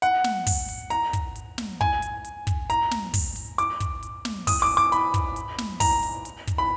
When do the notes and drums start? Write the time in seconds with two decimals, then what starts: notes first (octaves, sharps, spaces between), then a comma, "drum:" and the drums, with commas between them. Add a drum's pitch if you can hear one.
0.02 F#5, drum: hi-hat
0.24 drum: snare
0.46 drum: kick, open hi-hat
0.69 drum: hi-hat
0.90 A#5, drum: hi-hat
1.13 drum: kick, hi-hat
1.36 drum: hi-hat
1.58 drum: snare
1.81 G#5, drum: kick
2.02 drum: hi-hat
2.25 drum: hi-hat
2.47 drum: kick, hi-hat
2.70 A#5, drum: hi-hat
2.91 drum: snare
3.14 drum: kick, open hi-hat
3.36 drum: hi-hat
3.58 D6, drum: hi-hat
3.80 drum: kick, hi-hat
4.03 drum: hi-hat
4.25 drum: snare
4.47 D#6, drum: kick, open hi-hat
4.62 D6
4.77 D6
4.92 B5, drum: hi-hat
5.14 drum: kick, hi-hat
5.36 drum: hi-hat
5.58 drum: snare
5.80 A#5, drum: kick, open hi-hat
6.03 drum: hi-hat
6.25 drum: hi-hat
6.47 drum: kick, hi-hat
6.58 B5